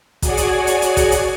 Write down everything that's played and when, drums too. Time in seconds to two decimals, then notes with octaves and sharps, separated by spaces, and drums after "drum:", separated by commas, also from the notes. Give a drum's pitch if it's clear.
0.22 F#4 G#4 C#5 D5 F#5 G#5, drum: kick, hi-hat
0.37 drum: hi-hat
0.67 drum: hi-hat
0.82 drum: hi-hat
0.97 drum: kick, hi-hat
1.12 drum: hi-hat